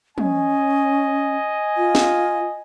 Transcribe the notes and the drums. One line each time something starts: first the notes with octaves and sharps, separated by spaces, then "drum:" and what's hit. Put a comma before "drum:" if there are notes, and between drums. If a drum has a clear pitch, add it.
C#4 D#5 G#5, drum: tom
F4
drum: snare